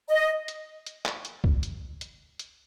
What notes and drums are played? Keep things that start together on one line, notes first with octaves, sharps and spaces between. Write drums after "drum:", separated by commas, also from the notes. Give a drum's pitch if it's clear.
D#5
drum: hi-hat
drum: hi-hat
drum: clap
drum: hi-hat
drum: kick C2
drum: hi-hat
drum: hi-hat
drum: hi-hat